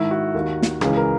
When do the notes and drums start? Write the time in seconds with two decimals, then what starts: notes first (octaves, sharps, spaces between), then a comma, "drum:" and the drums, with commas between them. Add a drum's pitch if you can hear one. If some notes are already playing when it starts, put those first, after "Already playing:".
Already playing: G#2 D#3 E4
0.11 F#4
0.34 D#2 D#3
0.62 drum: snare
0.81 C#2 C#3 E3 G#4, drum: rim click
0.97 A#4